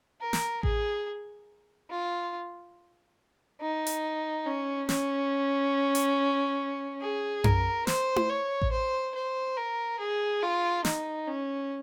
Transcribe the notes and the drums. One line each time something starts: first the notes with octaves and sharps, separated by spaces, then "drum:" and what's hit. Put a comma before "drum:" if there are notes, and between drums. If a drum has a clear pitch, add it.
A#4
drum: snare
G#4, drum: kick A1
F4
D#4
drum: hi-hat
C#4
C#4, drum: snare
drum: hi-hat
G#4
A#4, drum: tom F#2
C5, drum: snare
drum: tom E4
C#5
drum: kick A1
C5
C5
A#4
G#4
F4
D#4, drum: snare
C#4